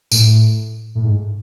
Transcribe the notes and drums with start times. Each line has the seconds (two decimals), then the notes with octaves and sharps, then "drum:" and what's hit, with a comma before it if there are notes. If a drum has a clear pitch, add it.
0.12 A2, drum: tambourine
0.95 A2
1.04 G#2